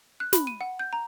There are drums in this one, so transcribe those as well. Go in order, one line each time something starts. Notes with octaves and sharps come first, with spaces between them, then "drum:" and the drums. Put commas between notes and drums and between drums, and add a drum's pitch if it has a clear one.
F#6
B5, drum: snare
D#7
F#5
G6
A#5